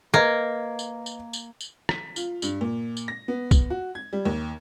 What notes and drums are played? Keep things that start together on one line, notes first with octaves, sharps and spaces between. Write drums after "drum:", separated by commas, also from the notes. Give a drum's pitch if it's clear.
A#3 B4 D#5 G#6
drum: tambourine
drum: tambourine
drum: tambourine
drum: tambourine
B6, drum: rim click
F4, drum: tambourine
G2, drum: tambourine
A#2
drum: tambourine
A#6
B3
drum: kick, tambourine
F#4
G#6
G3
D#2